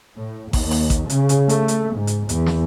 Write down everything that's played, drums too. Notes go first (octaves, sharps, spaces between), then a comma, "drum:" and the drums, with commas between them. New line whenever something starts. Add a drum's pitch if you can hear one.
A2
D#2, drum: kick A1, open hi-hat
drum: open hi-hat
drum: kick A1, hi-hat
C#3, drum: hi-hat
drum: hi-hat
A3, drum: hi-hat
drum: hi-hat
G#2
drum: hi-hat
E2, drum: hi-hat
drum: snare